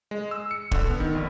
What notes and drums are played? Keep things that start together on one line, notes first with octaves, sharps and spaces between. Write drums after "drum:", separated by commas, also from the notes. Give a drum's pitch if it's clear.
G#3
E6
C#7
D3, drum: kick
B3
D#3
A#1